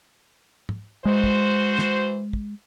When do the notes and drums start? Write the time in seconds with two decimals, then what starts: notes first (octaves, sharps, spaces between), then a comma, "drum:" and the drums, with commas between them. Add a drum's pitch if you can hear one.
0.69 drum: tom
1.05 E3 G#3 F#4 C5
1.24 drum: kick
1.79 drum: snare
2.33 drum: kick